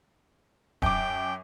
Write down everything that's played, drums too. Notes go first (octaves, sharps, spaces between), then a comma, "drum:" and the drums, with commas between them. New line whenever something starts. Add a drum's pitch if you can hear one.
F#2 G5 D6, drum: kick D#1